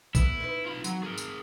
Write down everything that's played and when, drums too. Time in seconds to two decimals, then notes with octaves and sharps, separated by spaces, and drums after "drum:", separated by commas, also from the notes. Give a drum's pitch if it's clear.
0.15 A2 B3 E4, drum: kick B1, tambourine
0.40 C4 D#4 B4
0.66 F4 B5
0.84 F#3, drum: tambourine
1.03 G#4 A#4
1.18 drum: tambourine